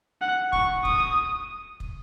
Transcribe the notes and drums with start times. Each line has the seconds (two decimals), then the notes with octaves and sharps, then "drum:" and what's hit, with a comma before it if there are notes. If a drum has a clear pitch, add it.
0.22 F#5
0.53 C#6, drum: kick
0.85 D#6, drum: kick
1.80 drum: kick